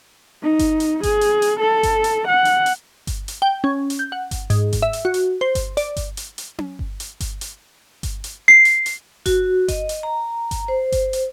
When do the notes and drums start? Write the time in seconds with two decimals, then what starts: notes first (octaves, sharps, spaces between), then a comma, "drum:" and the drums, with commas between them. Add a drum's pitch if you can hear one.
0.43 D#4
0.59 drum: kick G1, hi-hat
0.80 drum: hi-hat
1.03 G#4, drum: kick G1, hi-hat
1.21 drum: hi-hat
1.42 drum: hi-hat
1.59 A4
1.83 drum: kick G1, hi-hat
2.04 drum: hi-hat
2.28 F#5
2.45 drum: hi-hat
2.66 drum: hi-hat
3.07 drum: kick G1, hi-hat
3.28 drum: hi-hat
3.42 G5
3.64 C#4
3.90 drum: hi-hat
3.99 G6
4.12 F#5
4.31 drum: kick G1, hi-hat
4.50 G#2, drum: hi-hat
4.73 drum: kick G1, hi-hat
4.82 E5
4.93 drum: hi-hat
5.05 F#4
5.14 drum: hi-hat
5.41 C5
5.55 drum: kick G1, hi-hat
5.77 D5, drum: hi-hat
5.96 drum: kick G1, hi-hat
6.17 drum: hi-hat
6.38 drum: hi-hat
6.58 drum: tom C#4
6.79 drum: kick G1
7.00 drum: hi-hat
7.20 drum: kick G1, hi-hat
7.41 drum: hi-hat
8.03 drum: kick G1, hi-hat
8.24 drum: hi-hat
8.48 C7
8.65 drum: hi-hat
8.86 drum: hi-hat
9.26 F#4, drum: kick G1, hi-hat
9.68 D#5, drum: kick G1, hi-hat
9.89 drum: hi-hat
10.03 A#5
10.51 drum: kick G1, hi-hat
10.68 C5
10.92 drum: kick G1, hi-hat
11.13 drum: hi-hat